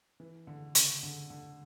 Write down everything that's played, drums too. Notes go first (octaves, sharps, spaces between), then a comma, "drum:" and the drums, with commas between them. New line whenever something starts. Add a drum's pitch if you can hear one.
E3
D3
C#3, drum: hi-hat
D3
D3